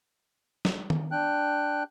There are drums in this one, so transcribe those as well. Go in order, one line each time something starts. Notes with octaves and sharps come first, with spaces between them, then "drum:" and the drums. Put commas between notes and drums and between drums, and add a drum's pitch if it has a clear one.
drum: snare
drum: tom D#3
D4 G5 F#6